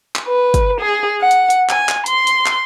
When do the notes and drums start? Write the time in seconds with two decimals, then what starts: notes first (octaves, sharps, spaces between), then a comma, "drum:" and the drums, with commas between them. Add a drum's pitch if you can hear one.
0.16 drum: clap
0.27 B4
0.54 drum: kick, hi-hat
0.80 G#4
1.21 F#5
1.31 drum: hi-hat
1.50 drum: hi-hat
1.69 G#5, drum: clap
1.89 drum: clap
2.06 C6, drum: hi-hat
2.27 drum: hi-hat
2.46 drum: clap